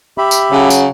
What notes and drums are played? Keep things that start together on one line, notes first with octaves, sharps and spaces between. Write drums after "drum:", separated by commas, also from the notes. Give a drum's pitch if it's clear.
G4 E5 B5
drum: tambourine
C#3 F#3
drum: tambourine